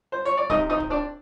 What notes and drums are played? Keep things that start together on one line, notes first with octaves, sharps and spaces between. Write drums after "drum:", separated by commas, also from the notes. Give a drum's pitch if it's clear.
C5
C#5
D5
C3 D#4 D#5, drum: kick
C4 D#4 D#5
drum: kick
C4 D4 D5